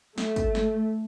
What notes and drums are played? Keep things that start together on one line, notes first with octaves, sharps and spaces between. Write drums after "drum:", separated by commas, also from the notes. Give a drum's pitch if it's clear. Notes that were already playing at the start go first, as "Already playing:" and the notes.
A3, drum: snare
drum: kick, hi-hat
drum: snare